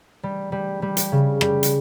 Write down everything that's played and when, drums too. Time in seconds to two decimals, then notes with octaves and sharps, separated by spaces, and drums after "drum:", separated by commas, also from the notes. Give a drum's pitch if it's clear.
0.23 G3
0.52 G3
0.82 G3
0.97 drum: hi-hat
1.12 C#3
1.41 G3, drum: rim click
1.63 drum: hi-hat